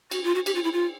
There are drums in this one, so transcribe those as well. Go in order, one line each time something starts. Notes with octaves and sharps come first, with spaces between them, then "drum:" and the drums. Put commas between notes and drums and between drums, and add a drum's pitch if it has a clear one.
F#4, drum: cymbal
F4
F#4
G4, drum: cymbal
F4
E4
F4